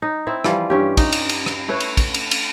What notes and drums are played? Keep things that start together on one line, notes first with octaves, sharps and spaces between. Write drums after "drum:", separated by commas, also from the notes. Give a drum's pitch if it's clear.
D#4
C4 E4 E5
E3 F3 G3 F4, drum: rim click
G2 C#4 G4
D#4, drum: kick, cymbal
drum: cymbal
drum: cymbal
drum: rim click
A3 E4 B4 C#5
drum: cymbal
drum: kick, cymbal
drum: cymbal
drum: cymbal